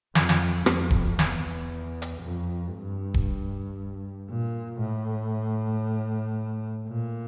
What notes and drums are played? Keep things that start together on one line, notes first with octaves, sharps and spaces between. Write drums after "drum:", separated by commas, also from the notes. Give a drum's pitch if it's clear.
F2, drum: snare
drum: snare
F2, drum: rim click
drum: kick D#1
E2, drum: snare
drum: hi-hat
F2
G2
drum: kick D#1
A#2
A2
A#2